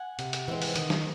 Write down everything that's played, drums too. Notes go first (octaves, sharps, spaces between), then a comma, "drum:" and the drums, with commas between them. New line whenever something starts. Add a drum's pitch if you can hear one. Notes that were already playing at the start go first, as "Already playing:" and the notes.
Already playing: F#5 G#5
C3, drum: hi-hat
drum: hi-hat
E3 G#3 C4
drum: open hi-hat
D#3, drum: hi-hat
drum: snare